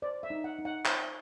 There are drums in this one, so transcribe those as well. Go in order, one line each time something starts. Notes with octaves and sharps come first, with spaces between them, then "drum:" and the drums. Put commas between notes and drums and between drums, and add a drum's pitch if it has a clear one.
C5 D5
E5
D#4
F#5
D#4
F#5
C5, drum: clap